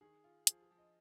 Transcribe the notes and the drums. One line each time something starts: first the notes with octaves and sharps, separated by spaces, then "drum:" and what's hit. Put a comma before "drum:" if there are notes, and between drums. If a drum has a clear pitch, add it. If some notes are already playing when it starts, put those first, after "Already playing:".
D#3 G#4
F4
F3 G#4, drum: hi-hat
G#4
F3
D#5